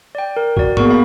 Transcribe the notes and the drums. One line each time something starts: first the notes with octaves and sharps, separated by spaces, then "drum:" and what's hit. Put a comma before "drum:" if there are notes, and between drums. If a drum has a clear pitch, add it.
D5 G5
A#4 G5
F#4 D5, drum: kick A1
A#3 B3 G#4 A#4 C#6, drum: tom G#2
F5 B5